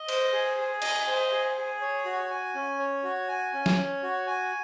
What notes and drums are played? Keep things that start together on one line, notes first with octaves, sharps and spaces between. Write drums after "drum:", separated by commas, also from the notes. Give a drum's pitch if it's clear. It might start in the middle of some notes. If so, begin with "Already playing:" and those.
Already playing: D#5
C5, drum: cymbal
G#4
G#4
D#5, drum: cymbal
C5
G#4
G#4
C#5
F#4
G#5
C#4
C#5
F#4
G#5
C#4
drum: snare
C#5
F#4
G#5